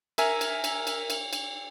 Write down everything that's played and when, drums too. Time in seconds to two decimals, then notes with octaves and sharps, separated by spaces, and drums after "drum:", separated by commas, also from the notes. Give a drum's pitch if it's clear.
0.18 A#4 E5 G#5 A#5, drum: cymbal
0.41 drum: cymbal
0.64 drum: cymbal
0.87 drum: cymbal
1.10 drum: cymbal
1.33 drum: cymbal